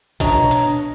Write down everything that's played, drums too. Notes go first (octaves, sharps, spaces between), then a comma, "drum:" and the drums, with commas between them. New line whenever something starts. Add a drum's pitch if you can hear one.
B2 D4 C#5 D#5 A#5, drum: kick, hi-hat
drum: hi-hat